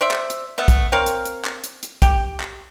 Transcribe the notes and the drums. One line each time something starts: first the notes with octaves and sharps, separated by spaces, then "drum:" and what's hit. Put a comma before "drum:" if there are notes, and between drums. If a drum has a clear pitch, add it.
C5 D5 E5
drum: clap
drum: hi-hat
A3 B3 E5
drum: kick, hi-hat
C4 A#4 C#5 F5
drum: hi-hat
drum: hi-hat
drum: clap
drum: hi-hat
drum: hi-hat
G4, drum: kick, hi-hat
drum: clap